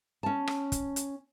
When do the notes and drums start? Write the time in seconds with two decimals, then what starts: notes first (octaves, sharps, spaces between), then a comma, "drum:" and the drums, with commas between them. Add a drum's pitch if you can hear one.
0.23 C#4 A5
0.47 drum: rim click
0.72 drum: kick, hi-hat
0.96 drum: hi-hat